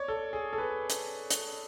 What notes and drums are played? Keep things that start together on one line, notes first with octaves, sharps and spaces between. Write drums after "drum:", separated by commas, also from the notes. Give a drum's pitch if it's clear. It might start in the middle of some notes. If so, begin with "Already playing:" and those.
Already playing: C#5 D5
A4
G#4
A4
B4
drum: hi-hat
drum: hi-hat